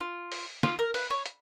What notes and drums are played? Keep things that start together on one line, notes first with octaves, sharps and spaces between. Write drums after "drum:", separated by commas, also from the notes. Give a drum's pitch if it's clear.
F4
drum: open hi-hat
F4, drum: snare
A#4
B4, drum: open hi-hat
C#5
drum: hi-hat